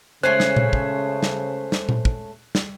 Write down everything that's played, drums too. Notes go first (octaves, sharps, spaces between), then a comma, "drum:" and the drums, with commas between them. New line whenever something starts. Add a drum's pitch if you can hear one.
C#3 G#3 A3 C#4 C5 F#6 C7
drum: snare
drum: tom A#2
drum: kick
drum: snare
drum: snare
drum: tom A#2
drum: kick
drum: snare